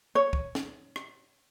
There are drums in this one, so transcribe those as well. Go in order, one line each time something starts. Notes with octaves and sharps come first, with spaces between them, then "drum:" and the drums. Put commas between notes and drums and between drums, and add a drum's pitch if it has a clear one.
C#5
drum: kick
drum: snare
drum: rim click